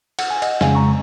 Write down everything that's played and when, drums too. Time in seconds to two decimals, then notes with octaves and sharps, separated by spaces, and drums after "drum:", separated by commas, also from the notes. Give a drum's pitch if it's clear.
0.19 F#5, drum: cymbal
0.30 G#5
0.42 D#5 F#5, drum: cymbal
0.61 F2 C#3 G#3 F5 G#5, drum: snare
0.75 A#5 C#6